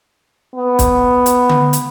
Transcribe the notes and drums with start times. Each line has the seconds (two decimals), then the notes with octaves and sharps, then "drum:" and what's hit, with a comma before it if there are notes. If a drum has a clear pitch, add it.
0.55 B3
0.79 drum: kick, hi-hat
1.26 drum: hi-hat
1.49 drum: tom D3
1.73 drum: hi-hat